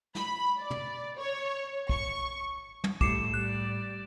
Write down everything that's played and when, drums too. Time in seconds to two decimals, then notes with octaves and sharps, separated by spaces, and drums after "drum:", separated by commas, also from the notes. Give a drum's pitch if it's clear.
0.15 B5, drum: snare
0.57 D5
0.70 drum: tom
1.17 C#5
1.89 C#6, drum: kick
2.84 drum: tom
3.01 A2 G3 A3 D6 C7 C#7 E7, drum: kick
3.34 G3 D5 F#6